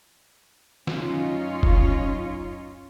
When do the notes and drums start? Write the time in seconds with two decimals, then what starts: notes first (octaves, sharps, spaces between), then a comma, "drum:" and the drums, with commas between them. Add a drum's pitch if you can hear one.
0.87 F#2 C#4 D#4 F4 C#5, drum: snare D#3
1.63 drum: kick F1